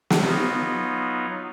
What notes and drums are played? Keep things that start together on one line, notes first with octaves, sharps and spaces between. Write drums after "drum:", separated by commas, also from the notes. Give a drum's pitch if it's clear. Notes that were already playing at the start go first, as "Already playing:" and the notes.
drum: snare
F#3 B3 D#4 F4